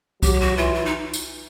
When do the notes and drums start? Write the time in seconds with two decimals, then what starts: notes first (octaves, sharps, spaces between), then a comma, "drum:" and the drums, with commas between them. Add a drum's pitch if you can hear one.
0.23 F#3 G4, drum: kick C2, tambourine
0.34 G4
0.40 F#4
0.56 E3 F4
0.75 F4
0.85 D#4
1.14 drum: tambourine